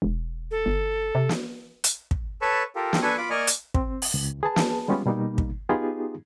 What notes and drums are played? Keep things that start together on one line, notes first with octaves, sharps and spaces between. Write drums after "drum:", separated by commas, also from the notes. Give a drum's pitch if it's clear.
E1
A4
G1
C3
drum: snare
drum: hi-hat
drum: kick
A4 B4 C#5 A5 B5 C#6
F4 G4 A4 A#4
drum: snare
D4 A4 B4 G#5 C#6
F4 B5 D6
A#3 D5 D#5 G#5 C#6 F6
drum: hi-hat
C4, drum: kick
drum: open hi-hat
C#2
G#4 B4 A5
drum: snare
G3 G#3 B3 C#4 F4 G4
B2 G3 A#3 D#4
drum: kick
B3 D#4 F4 G4 G#4